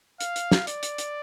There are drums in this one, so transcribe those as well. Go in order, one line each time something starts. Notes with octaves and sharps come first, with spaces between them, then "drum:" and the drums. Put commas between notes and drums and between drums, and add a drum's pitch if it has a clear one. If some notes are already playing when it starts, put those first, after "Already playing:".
F5, drum: hi-hat
drum: hi-hat
drum: snare
D5, drum: hi-hat
drum: hi-hat
drum: hi-hat